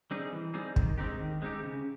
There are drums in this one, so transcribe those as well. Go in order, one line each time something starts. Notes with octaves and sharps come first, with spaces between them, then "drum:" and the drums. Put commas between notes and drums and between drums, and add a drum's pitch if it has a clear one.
G3 C4 D#4 G#4
E3
G3 C4 D#4 G#4
D#3, drum: kick
G#3 C4 D#4 G4
D#3
G#3 C4 D#4 G4
C#3